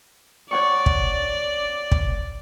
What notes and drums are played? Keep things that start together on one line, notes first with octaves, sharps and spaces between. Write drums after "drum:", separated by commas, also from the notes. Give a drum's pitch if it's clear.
C#5 D5 F#5 C#6
drum: kick
drum: kick